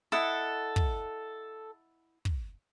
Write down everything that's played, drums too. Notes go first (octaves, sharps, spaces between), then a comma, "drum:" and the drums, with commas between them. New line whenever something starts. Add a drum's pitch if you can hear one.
E4 A4 D#5 F#5
drum: kick
drum: kick